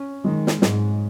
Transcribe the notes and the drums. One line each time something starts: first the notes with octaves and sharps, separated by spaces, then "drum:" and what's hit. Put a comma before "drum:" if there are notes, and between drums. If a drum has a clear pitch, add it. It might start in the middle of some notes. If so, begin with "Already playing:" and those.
Already playing: C#4
D#3 G#3
drum: snare
G#2 G#3, drum: snare